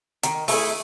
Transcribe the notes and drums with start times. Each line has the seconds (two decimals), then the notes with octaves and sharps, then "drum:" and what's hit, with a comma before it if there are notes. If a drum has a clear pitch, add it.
0.23 D#3, drum: hi-hat
0.48 A3 E4 G#4, drum: open hi-hat